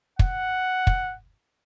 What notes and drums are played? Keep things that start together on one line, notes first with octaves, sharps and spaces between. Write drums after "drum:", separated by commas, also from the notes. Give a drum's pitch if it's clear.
F#5, drum: kick
drum: kick